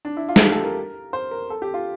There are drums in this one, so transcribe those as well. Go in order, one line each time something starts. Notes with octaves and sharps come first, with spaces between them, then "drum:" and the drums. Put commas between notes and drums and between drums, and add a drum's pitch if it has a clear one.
D4
E4
F4
A4, drum: snare
G4
A4
A#4
C5
A#4
A4
G4
F4